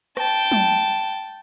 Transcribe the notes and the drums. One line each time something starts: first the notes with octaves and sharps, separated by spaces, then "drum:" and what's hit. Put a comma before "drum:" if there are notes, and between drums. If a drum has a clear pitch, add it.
G5 A5, drum: rim click
drum: tom